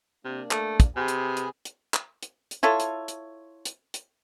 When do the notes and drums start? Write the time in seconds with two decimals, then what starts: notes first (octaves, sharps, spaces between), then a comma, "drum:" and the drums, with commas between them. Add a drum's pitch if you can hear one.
0.25 C3 A#3 D4
0.51 A3, drum: clap
0.80 drum: kick, hi-hat
0.96 C3 G#4 B4 G#5
1.08 drum: hi-hat
1.37 drum: hi-hat
1.65 drum: hi-hat
1.94 drum: clap
2.23 drum: hi-hat
2.51 drum: hi-hat
2.63 E4 F4 A4 C#5
2.80 drum: hi-hat
3.08 drum: hi-hat
3.65 drum: hi-hat
3.94 drum: hi-hat